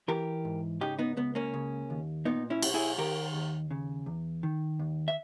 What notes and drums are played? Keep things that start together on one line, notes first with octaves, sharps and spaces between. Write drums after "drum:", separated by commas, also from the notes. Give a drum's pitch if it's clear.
E3 G4 A#4
G#2
C#3 D#4 G4
B3 D#4
C#2 B3
A#3 C#4
C#3
D#2
A#2 B3 D#4
C#4 E4
B1, drum: cymbal
E4 G#4
D#3 G4 A#4
D#2
C#3
E2
D#3
D#2
E5